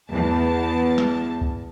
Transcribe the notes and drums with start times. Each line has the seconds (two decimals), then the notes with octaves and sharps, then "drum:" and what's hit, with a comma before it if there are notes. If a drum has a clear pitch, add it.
0.11 E2 A5
0.98 drum: snare
1.41 drum: kick C#2